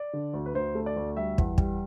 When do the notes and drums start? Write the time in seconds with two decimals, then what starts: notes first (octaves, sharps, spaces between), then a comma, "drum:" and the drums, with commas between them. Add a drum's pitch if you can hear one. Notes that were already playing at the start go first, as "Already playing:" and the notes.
Already playing: D5
0.13 D3
0.33 D2
0.46 B4
0.54 D2 C5
0.75 A3
0.86 D5
0.96 D2
1.17 G3 E5
1.38 E2, drum: kick
1.58 G3, drum: kick